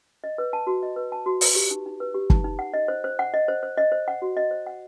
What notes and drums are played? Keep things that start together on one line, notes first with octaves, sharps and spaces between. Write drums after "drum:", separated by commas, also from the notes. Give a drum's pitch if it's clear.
D#5
B4
A5
F#4
D#5
B4
A5
F#4
B4, drum: open hi-hat
G4
D#4
D#4
B4
G4
D#4, drum: kick
D#4
F#5
D#5
C5
C5
F#5
D#5
C5
C5
D#5
C5
F#5
F#4
D#5
C5
F#5